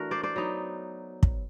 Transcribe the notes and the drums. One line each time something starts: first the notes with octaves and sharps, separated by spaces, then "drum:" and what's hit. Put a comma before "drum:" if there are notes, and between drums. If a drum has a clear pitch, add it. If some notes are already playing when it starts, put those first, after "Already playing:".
Already playing: E3 A3 D4 F#4 A#4
C5 D5
C5 D5
F#3 B3 D#4
drum: kick